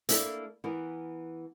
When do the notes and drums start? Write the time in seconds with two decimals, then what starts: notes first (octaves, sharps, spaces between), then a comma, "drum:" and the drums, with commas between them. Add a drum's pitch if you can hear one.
0.09 A#3 D4 E4 A4, drum: hi-hat
0.64 E3 B3 A#4